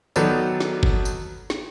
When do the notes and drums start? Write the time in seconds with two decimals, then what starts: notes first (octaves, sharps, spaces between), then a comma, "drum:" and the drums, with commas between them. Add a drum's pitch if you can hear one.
0.16 D#3 F#3 B3 D#4 A4 D5, drum: tambourine
0.60 drum: snare
0.83 drum: kick
1.05 drum: tambourine
1.50 drum: snare